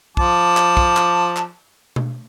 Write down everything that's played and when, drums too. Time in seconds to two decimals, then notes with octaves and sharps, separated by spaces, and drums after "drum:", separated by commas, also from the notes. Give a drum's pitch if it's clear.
0.17 F3 A5 D6, drum: kick
0.57 drum: clap
0.77 drum: kick
0.97 drum: clap
1.37 drum: clap
1.96 drum: tom B2